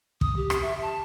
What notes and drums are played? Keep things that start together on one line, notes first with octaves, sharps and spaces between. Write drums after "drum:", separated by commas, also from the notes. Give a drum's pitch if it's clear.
D#6, drum: kick
G4
drum: rim click
E5
A5